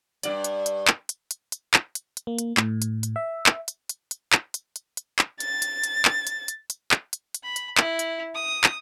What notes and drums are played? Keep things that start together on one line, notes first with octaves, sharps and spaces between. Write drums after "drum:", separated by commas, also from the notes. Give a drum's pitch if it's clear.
G2 F4 D5, drum: hi-hat
drum: hi-hat
drum: hi-hat
drum: clap
drum: hi-hat
drum: hi-hat
drum: hi-hat
drum: clap
drum: hi-hat
drum: hi-hat
A#3
drum: hi-hat
A2, drum: clap
drum: hi-hat
drum: hi-hat
E5
drum: clap
drum: hi-hat
drum: hi-hat
drum: hi-hat
drum: clap
drum: hi-hat
drum: hi-hat
drum: hi-hat
drum: clap
A6, drum: hi-hat
drum: hi-hat
drum: hi-hat
drum: clap
drum: hi-hat
drum: hi-hat
drum: hi-hat
drum: clap
drum: hi-hat
drum: hi-hat
B5
drum: hi-hat
E4, drum: clap
drum: hi-hat
D#6
drum: clap